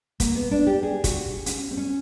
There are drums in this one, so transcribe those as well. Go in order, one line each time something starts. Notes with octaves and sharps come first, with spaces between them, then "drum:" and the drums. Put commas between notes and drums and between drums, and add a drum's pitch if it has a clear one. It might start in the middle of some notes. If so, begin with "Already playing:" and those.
A#3, drum: kick, hi-hat
B3
D4
G4
G#4
F#4, drum: kick, hi-hat
C#4, drum: hi-hat
C4
C#4